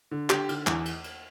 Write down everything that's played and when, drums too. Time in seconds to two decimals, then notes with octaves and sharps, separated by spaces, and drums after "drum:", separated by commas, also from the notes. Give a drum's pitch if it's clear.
0.11 D3
0.30 D3 G4, drum: clap
0.49 D3, drum: cymbal
0.67 E2, drum: clap
0.86 drum: cymbal
1.04 drum: cymbal